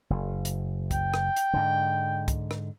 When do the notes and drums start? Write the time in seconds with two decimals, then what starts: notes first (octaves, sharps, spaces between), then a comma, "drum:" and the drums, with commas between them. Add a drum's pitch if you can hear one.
0.10 F#1
0.45 drum: hi-hat
0.91 G5, drum: kick, hi-hat
1.14 drum: rim click
1.36 drum: hi-hat
1.53 G#2 D3
2.28 drum: kick, hi-hat
2.51 drum: rim click